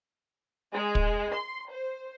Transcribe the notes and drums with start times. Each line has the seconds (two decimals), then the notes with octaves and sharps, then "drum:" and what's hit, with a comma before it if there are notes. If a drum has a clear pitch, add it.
0.74 G#3
0.95 drum: kick
1.34 C6
1.72 C5